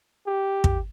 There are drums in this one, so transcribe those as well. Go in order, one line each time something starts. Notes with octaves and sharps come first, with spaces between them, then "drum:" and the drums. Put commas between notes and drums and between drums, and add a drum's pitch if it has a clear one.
G4
drum: kick